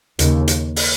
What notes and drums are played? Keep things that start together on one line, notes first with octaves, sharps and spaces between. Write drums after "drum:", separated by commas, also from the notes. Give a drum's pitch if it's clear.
D#2 C#3, drum: hi-hat
drum: hi-hat
drum: open hi-hat